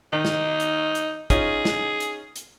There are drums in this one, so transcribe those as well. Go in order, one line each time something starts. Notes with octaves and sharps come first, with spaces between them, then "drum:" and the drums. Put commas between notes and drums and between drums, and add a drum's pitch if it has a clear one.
D#3 D#4
drum: snare
drum: hi-hat
drum: hi-hat
C#4 D#4 F4 G#4, drum: kick, hi-hat
drum: snare
drum: hi-hat
drum: hi-hat